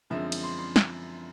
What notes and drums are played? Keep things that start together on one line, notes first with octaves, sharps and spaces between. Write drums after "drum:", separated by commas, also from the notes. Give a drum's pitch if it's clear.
F#2 D3 F3 G#3 C4 E5
drum: cymbal
C6
C6
drum: snare